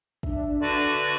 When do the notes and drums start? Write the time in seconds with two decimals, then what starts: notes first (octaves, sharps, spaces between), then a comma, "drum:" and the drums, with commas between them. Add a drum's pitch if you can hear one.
0.23 D4 E5, drum: kick
0.61 D3 F#4 B4 D5